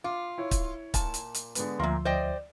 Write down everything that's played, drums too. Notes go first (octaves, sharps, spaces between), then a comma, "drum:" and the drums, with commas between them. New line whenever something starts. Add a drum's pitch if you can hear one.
F4 D6
E4 C#5
drum: kick, hi-hat
A#2 A5, drum: kick, hi-hat
drum: hi-hat
drum: hi-hat
D3 G#3 B3, drum: hi-hat
D2 A#2 F3 A#3 E5 C6
C5 D5 D#5 G5